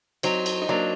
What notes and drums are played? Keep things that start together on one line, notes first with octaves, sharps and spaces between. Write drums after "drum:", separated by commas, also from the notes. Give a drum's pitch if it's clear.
F#3 C4 D#4, drum: cymbal
drum: cymbal
D#4
F#3 A#3 D4